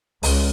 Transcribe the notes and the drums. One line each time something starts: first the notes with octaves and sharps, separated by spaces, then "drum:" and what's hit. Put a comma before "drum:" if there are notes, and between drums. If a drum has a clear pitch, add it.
C#2, drum: open hi-hat